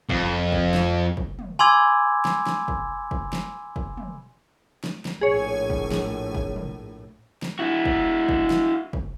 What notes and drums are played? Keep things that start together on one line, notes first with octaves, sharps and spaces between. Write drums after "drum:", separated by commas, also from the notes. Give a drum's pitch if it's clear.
F2, drum: kick
drum: kick
drum: snare
drum: kick
drum: tom
G#5 B5 C6 D6 E6 G#6
drum: snare
drum: snare
drum: kick
drum: kick
drum: snare
drum: kick
drum: tom
drum: snare
drum: snare
A#1 A2 G#4 C#5
drum: kick
drum: snare
drum: kick
drum: tom
drum: snare
E4 F#4
drum: kick
drum: kick
drum: snare
drum: kick